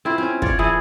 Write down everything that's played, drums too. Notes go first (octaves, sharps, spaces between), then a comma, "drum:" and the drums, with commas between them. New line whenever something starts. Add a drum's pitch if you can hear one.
C4 E4 F4
C4 C#4
F4 C#5 D5, drum: kick
E3 A3 E4 G#4